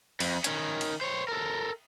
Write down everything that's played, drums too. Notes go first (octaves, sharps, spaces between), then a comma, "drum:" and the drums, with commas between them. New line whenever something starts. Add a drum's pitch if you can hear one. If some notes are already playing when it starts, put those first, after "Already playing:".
F2, drum: cymbal
D#3 C#4, drum: hi-hat
drum: cymbal
C5 C#5
A4 A#4